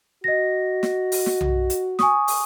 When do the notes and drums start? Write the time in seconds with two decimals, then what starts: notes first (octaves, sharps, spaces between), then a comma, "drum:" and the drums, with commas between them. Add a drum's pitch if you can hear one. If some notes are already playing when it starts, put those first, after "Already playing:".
0.24 F#4 D#5 A#6
0.83 drum: snare
1.12 drum: open hi-hat
1.26 drum: snare
1.41 drum: tom B1
1.70 drum: hi-hat
1.99 G#5 C#6 D#6, drum: snare
2.28 drum: open hi-hat